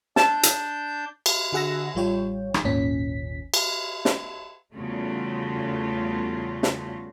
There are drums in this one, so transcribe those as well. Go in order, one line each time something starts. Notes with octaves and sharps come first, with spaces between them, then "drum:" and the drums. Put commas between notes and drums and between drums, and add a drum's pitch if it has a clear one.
D4 A5 G6, drum: snare
drum: hi-hat
drum: cymbal
D3 F#4 G#4 F#5 E6 A#6
A1 G3 F4 C#5 G5
drum: rim click
G#1 D#2 A#2 C#4 B6
drum: cymbal
drum: snare
E2 C#3 G3 A3 F4 F#4
drum: snare